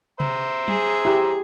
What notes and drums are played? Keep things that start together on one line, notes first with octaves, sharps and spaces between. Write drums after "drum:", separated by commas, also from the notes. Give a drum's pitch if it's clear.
C5 E5 A#5, drum: tom C3
G#4, drum: tom F#3
E4 G4